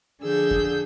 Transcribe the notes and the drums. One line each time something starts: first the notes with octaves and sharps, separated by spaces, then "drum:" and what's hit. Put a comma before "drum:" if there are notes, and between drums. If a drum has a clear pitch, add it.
D3 F3 G#4 E6 G6
drum: kick F2